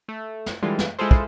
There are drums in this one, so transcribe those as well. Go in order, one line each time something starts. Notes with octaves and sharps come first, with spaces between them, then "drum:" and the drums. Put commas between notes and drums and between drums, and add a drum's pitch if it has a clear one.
A3
drum: snare
D3 E3 G3 G#3 F4
drum: snare
G#3 E4 F4 G#4 A4 C5
drum: kick